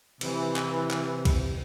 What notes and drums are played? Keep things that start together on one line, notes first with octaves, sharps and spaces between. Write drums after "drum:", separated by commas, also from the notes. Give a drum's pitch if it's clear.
C3 E3, drum: cymbal
drum: clap
drum: clap
drum: kick B1, cymbal